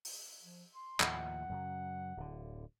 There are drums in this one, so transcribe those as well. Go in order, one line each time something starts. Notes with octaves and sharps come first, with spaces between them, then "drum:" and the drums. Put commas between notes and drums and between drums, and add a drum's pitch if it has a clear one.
drum: open hi-hat
F3
C6
D#2 A2 F3 F#5, drum: clap
F#2 C#3 F#3
D1 D3